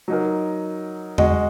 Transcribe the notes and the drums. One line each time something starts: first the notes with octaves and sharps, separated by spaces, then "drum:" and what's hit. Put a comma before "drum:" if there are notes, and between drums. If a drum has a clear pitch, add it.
F#3 D#4 A#4
G#3 F#4 D#5, drum: tom E2